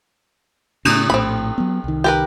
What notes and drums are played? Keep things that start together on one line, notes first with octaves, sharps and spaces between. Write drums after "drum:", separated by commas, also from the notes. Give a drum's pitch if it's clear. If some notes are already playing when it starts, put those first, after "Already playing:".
A2 C#3, drum: cymbal
A#1 A2 C4 B5
F#3 B3
C2 D#3
G4 A#4 B4